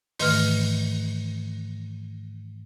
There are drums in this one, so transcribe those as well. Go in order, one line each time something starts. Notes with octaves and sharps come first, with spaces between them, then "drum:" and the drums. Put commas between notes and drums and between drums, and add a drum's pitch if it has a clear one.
G#2 D#3 E3 A3 B4 F6, drum: open hi-hat